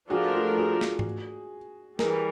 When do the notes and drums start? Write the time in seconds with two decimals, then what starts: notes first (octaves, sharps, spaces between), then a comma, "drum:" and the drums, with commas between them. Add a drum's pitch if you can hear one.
0.10 F3 A3 D4 F4 F#4 G#4 A#4
0.34 F#4 G#4
0.57 F#4 G#4
0.81 drum: snare
0.99 drum: tom G#2
1.99 E3 G3 G#4 A#4, drum: snare